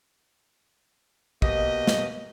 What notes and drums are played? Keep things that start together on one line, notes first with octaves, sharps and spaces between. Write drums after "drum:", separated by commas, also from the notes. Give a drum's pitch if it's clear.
B2 A#3 G4 D#5, drum: kick
drum: snare